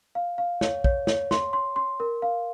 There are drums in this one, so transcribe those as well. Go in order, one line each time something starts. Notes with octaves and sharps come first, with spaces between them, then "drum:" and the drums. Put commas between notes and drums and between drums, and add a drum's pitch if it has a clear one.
F5
F5
C#5, drum: snare
C#5, drum: kick
C#5, drum: snare
C6, drum: snare
C6
C6
A#4
F5